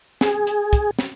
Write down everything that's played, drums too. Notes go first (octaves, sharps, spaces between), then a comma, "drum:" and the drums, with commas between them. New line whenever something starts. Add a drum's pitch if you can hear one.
G#4, drum: snare
drum: hi-hat
drum: kick, hi-hat
drum: snare